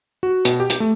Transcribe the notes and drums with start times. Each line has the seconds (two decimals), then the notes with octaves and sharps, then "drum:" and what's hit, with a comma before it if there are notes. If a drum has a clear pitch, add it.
0.23 F#4
0.45 B2, drum: hi-hat
0.60 G4
0.70 drum: hi-hat
0.80 A3